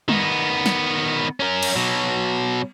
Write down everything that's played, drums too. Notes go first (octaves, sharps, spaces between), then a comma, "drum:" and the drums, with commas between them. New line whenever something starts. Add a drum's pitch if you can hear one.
D#3 B3, drum: tom G3
drum: snare
C#4 A#4
drum: cymbal
B2 F#3